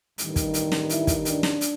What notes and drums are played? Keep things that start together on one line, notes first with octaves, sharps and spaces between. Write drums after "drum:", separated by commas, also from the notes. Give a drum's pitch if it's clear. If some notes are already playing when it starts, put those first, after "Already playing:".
A1 G2 D#3 G3, drum: hi-hat
drum: kick, hi-hat
drum: hi-hat
drum: snare
E4, drum: hi-hat
drum: kick, hi-hat
D4, drum: hi-hat
drum: snare
drum: hi-hat